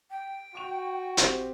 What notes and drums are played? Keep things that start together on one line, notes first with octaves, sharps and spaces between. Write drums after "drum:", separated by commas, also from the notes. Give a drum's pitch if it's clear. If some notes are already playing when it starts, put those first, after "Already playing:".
G5
F#4 C#6 F7
C4 G4, drum: hi-hat